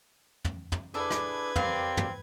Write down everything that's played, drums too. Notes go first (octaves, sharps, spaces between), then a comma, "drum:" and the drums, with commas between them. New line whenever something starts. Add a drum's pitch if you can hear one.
drum: tom
drum: tom
D4 E4 G#4 A4 B4 D5 G#6
drum: rim click
C4 G4 A#4 D5 F5, drum: tom
drum: tom